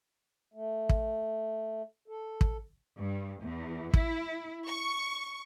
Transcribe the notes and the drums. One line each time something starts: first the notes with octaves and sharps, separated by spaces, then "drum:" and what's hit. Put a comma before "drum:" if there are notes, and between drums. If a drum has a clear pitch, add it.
A3
drum: kick
A4
drum: kick
G2
E2
E4, drum: kick
C#6